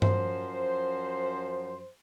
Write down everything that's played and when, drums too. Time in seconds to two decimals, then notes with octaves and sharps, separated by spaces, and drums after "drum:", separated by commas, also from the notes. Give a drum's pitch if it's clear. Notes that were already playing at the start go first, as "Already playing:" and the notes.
0.02 F#2 F3 C5, drum: tom G2